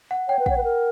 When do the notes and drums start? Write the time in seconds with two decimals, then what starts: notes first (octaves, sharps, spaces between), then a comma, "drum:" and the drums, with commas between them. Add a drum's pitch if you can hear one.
0.11 F#5
0.28 C#5 G5
0.39 B4
0.46 C#5 F#5, drum: kick
0.57 B4
0.64 A#4